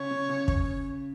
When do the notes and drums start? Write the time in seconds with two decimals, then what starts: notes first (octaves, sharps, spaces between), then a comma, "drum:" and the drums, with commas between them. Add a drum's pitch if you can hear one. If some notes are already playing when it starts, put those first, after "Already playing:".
Already playing: C#3 C#5
0.11 C#3
0.29 C#3
0.48 drum: kick